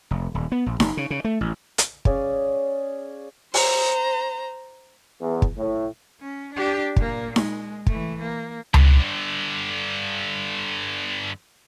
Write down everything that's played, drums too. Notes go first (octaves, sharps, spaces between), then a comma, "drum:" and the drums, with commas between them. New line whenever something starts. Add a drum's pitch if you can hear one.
F1
D#1
B3
A#1
F#1, drum: snare D#4
C#3
C#3
A3
A1
drum: hi-hat
C#4 G#4 D5 F5, drum: kick
C5 A#5, drum: open hi-hat
E2
drum: kick
A2
C#4
D4 G4
A#2 A#3, drum: kick
G#3, drum: snare D#4
E3 A3, drum: kick
A#3
G2 D3, drum: tom C#2